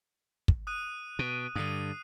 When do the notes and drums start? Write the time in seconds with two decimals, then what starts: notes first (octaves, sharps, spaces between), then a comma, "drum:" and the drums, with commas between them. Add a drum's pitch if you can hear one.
0.48 drum: kick
0.67 D#6 F#6 D#7
1.19 B2
1.55 G2 D3 D#6 C7 D#7